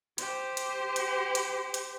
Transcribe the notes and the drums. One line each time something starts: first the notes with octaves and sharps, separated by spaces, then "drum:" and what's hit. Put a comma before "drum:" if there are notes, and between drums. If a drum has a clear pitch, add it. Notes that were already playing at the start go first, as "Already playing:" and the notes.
G4 C5, drum: hi-hat
drum: hi-hat
drum: hi-hat
drum: hi-hat
drum: hi-hat